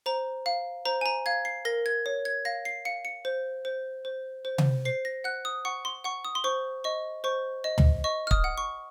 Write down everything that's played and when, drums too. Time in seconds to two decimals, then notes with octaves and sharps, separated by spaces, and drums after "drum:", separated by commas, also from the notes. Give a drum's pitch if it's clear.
0.06 C5 A#5
0.46 F5
0.85 C5 A#5
1.01 G#5
1.06 A#5
1.26 F5 G#6
1.45 C7
1.65 A#4 A#6
1.86 G#6
2.06 C#5
2.25 G#6
2.45 F5 A#6
2.65 C7
2.85 F5 C#7
3.05 C#7
3.25 C5
3.65 C5
4.05 C5
4.45 C5
4.58 drum: tom C3
4.85 C5 C7
5.05 A#6
5.24 F#5 F#6
5.45 D#6
5.65 F#5 C#6
5.85 C6
6.04 F#5 C#6
6.25 D#6
6.35 C6
6.44 C5 C#6
6.84 D#5 C#6
7.24 C5 C#6
7.64 D#5
7.78 drum: tom
8.04 D#5 C#6
8.27 F6
8.31 D#6, drum: kick
8.44 F#5
8.58 C#6